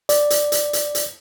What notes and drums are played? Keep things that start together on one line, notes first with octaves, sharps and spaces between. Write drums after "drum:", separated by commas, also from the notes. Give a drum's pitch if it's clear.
D5, drum: hi-hat
drum: hi-hat
drum: hi-hat
drum: hi-hat
drum: hi-hat